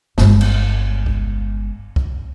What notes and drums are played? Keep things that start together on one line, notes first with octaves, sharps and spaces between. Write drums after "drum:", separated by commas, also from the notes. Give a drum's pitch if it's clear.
G1 G#3, drum: snare
drum: cymbal
drum: kick
drum: kick